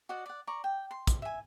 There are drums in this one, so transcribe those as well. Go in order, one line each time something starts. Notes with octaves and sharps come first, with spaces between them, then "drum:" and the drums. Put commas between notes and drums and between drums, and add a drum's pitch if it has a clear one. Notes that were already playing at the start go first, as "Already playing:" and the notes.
F#4 D5 D#5 F#5
D5 F#5
D5 A#5 C#6
G5
C6
drum: kick, hi-hat
E5 G#5